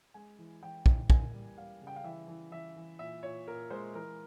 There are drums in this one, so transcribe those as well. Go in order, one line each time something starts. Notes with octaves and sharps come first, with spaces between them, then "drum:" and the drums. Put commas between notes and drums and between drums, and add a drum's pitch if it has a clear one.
G#3 G#5
E3
E3 G5
E3, drum: kick
A#3 G#5, drum: kick
G3
G3 F5
C#3
G5
F5
E3 E5
E3
E3 E5
E3
A#2 E5
A#2 C#5
A#2 A#4
G#3 C5
E3 A#4